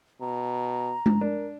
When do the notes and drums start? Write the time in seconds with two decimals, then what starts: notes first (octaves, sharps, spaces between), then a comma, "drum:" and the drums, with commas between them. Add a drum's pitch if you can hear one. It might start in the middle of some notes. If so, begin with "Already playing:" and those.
0.21 B2 A#5
1.06 drum: tom G#3
1.21 D4 A#4